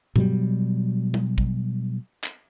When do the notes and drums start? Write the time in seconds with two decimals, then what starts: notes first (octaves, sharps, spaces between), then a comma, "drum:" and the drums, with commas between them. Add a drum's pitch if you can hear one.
0.16 B2 F#3 G3, drum: tom G2
1.14 drum: tom
1.38 drum: kick
2.24 drum: clap